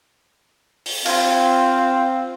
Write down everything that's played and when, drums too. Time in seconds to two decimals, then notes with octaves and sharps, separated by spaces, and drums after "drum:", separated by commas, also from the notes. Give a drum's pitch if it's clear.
0.86 drum: open hi-hat
1.06 C4 F4, drum: cymbal